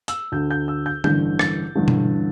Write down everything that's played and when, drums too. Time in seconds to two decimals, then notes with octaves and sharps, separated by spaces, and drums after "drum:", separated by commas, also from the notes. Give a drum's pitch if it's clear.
0.08 E6, drum: hi-hat
0.32 D2 D3 G6
0.50 G6
0.68 E6
0.86 G6
1.04 A1 G2 D3 G6, drum: tom D3
1.39 A6, drum: rim click
1.76 A1 G2 D3
1.88 drum: tom B2